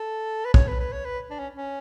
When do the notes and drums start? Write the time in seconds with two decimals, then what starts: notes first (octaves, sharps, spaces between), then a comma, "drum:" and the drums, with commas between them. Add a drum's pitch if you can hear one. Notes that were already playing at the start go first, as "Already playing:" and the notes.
Already playing: A4
0.45 B4
0.54 C#5, drum: kick
0.68 B4
0.80 B4
0.92 C#5
1.05 B4
1.31 D4
1.39 C#4
1.55 C#4